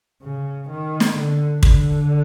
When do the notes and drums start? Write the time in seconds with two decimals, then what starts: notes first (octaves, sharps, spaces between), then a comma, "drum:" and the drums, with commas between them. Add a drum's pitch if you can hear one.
0.22 C#3
0.69 D#3
1.00 drum: snare
1.16 D3
1.63 D3, drum: kick